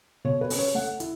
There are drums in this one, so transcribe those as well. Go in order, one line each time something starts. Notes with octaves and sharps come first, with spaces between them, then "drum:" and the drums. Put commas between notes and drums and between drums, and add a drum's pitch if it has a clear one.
B2 C#5
B4
C#4, drum: open hi-hat
C#5
A3 F#5
E4, drum: hi-hat